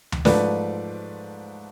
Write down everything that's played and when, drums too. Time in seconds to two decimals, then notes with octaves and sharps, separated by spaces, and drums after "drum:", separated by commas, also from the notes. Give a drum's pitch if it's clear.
0.12 drum: tom D2
0.25 G#2 F3 A3 B4 D5, drum: snare